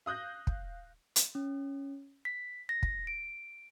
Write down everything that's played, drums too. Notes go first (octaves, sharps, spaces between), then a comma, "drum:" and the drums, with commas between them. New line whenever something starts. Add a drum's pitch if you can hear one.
F5 D#6 F#6 G6 A#6
drum: kick
drum: hi-hat
C#4
B6
A#6
drum: kick
D7